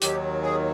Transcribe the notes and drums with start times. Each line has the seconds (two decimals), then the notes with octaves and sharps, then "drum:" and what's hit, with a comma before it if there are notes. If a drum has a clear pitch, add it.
0.02 D#2 D#3 F#3 G4, drum: hi-hat
0.42 G#4